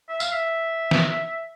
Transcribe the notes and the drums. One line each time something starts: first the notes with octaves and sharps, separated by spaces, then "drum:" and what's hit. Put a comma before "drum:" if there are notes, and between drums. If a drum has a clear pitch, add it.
E5
F5, drum: tambourine
E5
drum: snare